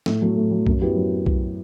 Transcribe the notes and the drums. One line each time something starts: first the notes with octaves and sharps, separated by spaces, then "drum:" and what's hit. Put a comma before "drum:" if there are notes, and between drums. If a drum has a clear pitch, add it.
A2, drum: snare
F#3 A3
A2
F#3 A3
F#2, drum: kick B1
F#3 B3 E4 G4
F#2
drum: kick B1